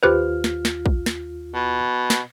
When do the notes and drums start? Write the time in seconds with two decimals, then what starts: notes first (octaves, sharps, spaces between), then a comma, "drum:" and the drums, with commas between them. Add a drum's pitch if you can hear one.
0.03 D#2 F4 G4 B4 C5 F6
0.44 drum: snare
0.65 drum: snare
0.86 drum: kick A#1
1.06 drum: snare
1.54 B2
2.10 drum: snare